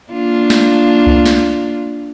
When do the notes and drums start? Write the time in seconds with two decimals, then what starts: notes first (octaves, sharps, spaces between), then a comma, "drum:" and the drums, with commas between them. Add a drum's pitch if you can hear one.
0.12 A#3 D4 F4
0.50 drum: snare
1.07 drum: kick C2
1.26 drum: snare